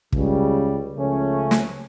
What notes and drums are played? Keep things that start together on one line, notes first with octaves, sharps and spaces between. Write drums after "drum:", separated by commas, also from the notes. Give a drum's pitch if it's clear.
C#2 C#3 G3, drum: kick
C#2 C#3 F3 A3 C#4
drum: snare